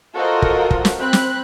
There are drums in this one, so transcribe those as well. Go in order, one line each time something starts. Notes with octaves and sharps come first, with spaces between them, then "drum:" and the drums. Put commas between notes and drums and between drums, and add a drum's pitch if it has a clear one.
F4 F#4 A4 A#4 C5 D#5
drum: kick
drum: kick
drum: snare
C4 B5 F#6
drum: snare